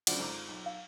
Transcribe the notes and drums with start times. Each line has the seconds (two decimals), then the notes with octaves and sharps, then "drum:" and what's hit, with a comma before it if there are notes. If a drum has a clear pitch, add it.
0.07 D2 C#3 F#3 F4 G#4 C5 D5 F#5, drum: cymbal
0.20 G#1 A4 A#5 D6
0.49 B1
0.66 F5